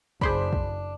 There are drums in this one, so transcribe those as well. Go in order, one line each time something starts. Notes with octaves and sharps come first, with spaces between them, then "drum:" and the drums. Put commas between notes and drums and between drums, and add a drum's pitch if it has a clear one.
F#1 D4 G#4 C5 B5, drum: kick
drum: kick